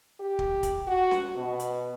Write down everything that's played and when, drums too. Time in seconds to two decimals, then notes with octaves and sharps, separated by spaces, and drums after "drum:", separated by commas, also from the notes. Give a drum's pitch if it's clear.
0.20 G4
0.39 drum: kick
0.63 drum: kick, hi-hat
0.87 F#4
1.11 drum: snare C#4
1.37 B2
1.59 drum: hi-hat